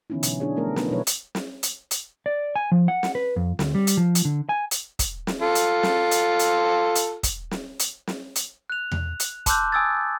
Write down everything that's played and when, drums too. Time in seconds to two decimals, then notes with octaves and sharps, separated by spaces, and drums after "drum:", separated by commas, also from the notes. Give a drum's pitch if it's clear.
0.10 D3 E3 B3 C#4 D#4 E4
0.23 B2 F#3, drum: hi-hat
0.40 D4 E4 G#4 C#5
0.56 F3 A3 B3 A#4
0.76 A3 B3 D4 D#4 B4, drum: snare
0.91 B2 F#3 B3 E4 B4 C#5
1.07 drum: hi-hat
1.35 drum: snare
1.63 drum: hi-hat
1.91 drum: hi-hat
2.26 D5
2.56 G#5
2.72 F3
2.88 F#5
3.03 drum: snare
3.15 B4
3.36 F2
3.59 D2, drum: snare
3.75 G3
3.87 drum: hi-hat
3.97 F3
4.15 drum: hi-hat
4.25 D3
4.49 G#5
4.71 drum: hi-hat
4.99 drum: kick, hi-hat
5.27 drum: snare
5.41 F4 A4
5.55 drum: hi-hat
5.83 drum: snare
6.11 drum: hi-hat
6.39 drum: hi-hat
6.95 drum: hi-hat
7.23 drum: kick, hi-hat
7.51 drum: snare
7.79 drum: hi-hat
8.07 drum: snare
8.35 drum: hi-hat
8.70 F#6 F7
8.92 drum: tom E2
9.20 drum: hi-hat
9.46 A5 C6 D6 E6 F#6 G6, drum: kick, hi-hat
9.72 G#5 D#6 E6 G#6 A6